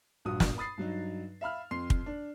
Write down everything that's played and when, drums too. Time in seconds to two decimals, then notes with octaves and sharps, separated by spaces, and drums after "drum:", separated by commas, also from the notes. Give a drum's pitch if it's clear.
0.25 A#1 G2 F#4 D#6
0.40 drum: snare
0.58 B5 D#6 A6 C7
0.78 G2 F#3 D#4
1.41 E5 F5 B5 F6
1.71 F2 C6 C7
1.90 drum: kick
2.06 D4